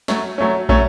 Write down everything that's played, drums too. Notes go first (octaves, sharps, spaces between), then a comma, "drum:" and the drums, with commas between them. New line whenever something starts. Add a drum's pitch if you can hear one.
F#3 A3 C#4, drum: snare
F#3 A3 C#4
F#3 A3 C#4, drum: kick